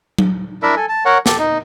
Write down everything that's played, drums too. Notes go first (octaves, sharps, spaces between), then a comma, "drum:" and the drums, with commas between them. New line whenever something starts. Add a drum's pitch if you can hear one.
drum: tom F#3
D4 E4 A#4 E5
A4 G#5
A5
A#4 C#5 F#5
G4 A4, drum: snare
D#4